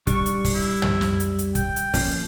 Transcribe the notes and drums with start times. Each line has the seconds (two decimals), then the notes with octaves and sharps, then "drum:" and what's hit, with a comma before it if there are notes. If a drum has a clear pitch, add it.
0.07 G3 D4 C#6, drum: kick, hi-hat
0.26 drum: hi-hat
0.45 drum: kick, open hi-hat
0.55 E4
0.82 drum: tom
1.01 drum: snare
1.20 drum: hi-hat
1.39 drum: hi-hat
1.55 G5, drum: kick, hi-hat
1.76 drum: hi-hat
1.94 F3 A#3 C#4, drum: kick, open hi-hat